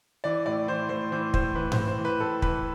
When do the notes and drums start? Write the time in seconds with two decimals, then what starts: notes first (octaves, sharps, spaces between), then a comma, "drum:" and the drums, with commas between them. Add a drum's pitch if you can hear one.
0.24 E3 D5
0.46 A2 D5
0.68 E3 C5
0.89 A2 C5
1.12 E3 C5
1.34 A2 C5, drum: kick
1.55 E3 B4
1.72 C5, drum: tom G#2
1.77 A2
1.87 C5
1.98 E3
2.05 B4
2.20 A2 A4
2.42 E3 B4, drum: kick